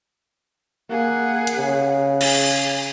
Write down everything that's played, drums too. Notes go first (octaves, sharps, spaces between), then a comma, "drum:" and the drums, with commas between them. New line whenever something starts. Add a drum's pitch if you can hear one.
A#3 G#4 F#5
drum: hi-hat
C#3
G#4, drum: cymbal